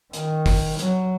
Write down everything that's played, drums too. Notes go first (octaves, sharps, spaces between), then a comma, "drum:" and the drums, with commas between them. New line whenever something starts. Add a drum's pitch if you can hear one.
D#3, drum: hi-hat
drum: kick, open hi-hat
F#3, drum: hi-hat